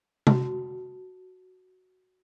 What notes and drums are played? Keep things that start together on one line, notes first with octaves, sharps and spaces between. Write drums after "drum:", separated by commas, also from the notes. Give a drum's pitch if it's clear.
F#4 A5, drum: tom C3